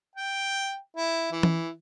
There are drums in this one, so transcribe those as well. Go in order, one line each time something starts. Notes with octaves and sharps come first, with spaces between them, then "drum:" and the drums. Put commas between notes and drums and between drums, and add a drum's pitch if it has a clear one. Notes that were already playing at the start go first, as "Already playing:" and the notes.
G5
E4
E3
drum: tom E3